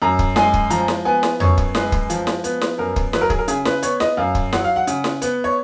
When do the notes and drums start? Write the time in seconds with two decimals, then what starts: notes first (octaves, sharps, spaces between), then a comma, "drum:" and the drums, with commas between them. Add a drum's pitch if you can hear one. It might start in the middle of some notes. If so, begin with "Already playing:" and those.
0.02 F#2 A#5
0.19 drum: kick
0.36 G#3 G#5, drum: snare
0.54 drum: kick
0.70 F3 A#5, drum: hi-hat
0.88 drum: snare
1.05 B3 G#5
1.23 drum: snare
1.40 F#2 C#5, drum: tom E2
1.57 drum: kick
1.75 G#3 B4, drum: snare
1.92 drum: kick
2.10 F3, drum: hi-hat
2.27 drum: snare
2.44 B3, drum: hi-hat
2.61 drum: snare
2.78 F#2 A#4
2.96 drum: kick
3.13 F#3 B4, drum: snare
3.21 A#4
3.30 G#4, drum: kick
3.39 A#4
3.48 C#3 G#4, drum: hi-hat
3.65 B4, drum: snare
3.83 B3 C#5, drum: hi-hat
4.00 D#5, drum: snare
4.17 F#2 F5
4.35 drum: kick
4.53 F#3 F#5, drum: snare
4.64 F5
4.76 F#5
4.87 C#3, drum: hi-hat
5.04 drum: snare
5.22 B3, drum: hi-hat
5.44 C#5